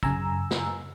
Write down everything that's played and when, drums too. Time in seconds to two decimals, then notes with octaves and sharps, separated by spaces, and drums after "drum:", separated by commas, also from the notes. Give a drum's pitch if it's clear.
0.03 F#2 C#3 G#5 A#5 E6, drum: kick
0.51 drum: snare